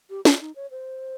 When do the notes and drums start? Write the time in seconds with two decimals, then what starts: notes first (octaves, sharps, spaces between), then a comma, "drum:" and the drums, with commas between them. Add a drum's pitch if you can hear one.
0.10 G4
0.25 F4, drum: snare
0.41 D#4
0.56 C#5
0.71 C5